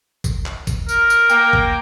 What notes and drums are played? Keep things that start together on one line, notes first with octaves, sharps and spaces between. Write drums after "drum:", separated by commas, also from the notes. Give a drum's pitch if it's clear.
drum: kick G#1, tambourine
drum: clap
drum: kick G#1, tambourine
A#4, drum: tambourine
drum: tambourine
A#3 G5, drum: tambourine
drum: kick G#1